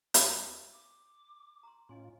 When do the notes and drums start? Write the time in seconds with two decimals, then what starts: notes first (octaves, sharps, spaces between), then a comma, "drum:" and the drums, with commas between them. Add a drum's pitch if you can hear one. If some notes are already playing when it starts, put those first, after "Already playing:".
0.14 G#5, drum: hi-hat
0.73 D6
1.63 A#5 C6
1.89 A2 C#4 F4 D#5 G#5 C6